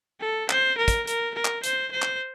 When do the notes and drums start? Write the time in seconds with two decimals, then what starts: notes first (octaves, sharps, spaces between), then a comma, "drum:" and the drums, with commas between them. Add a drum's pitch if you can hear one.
0.20 A4
0.50 C5, drum: clap
0.78 A#4
0.88 drum: kick, hi-hat
1.07 A#4, drum: hi-hat
1.35 A#4
1.45 drum: clap
1.64 C5, drum: hi-hat
1.92 C5
2.02 drum: clap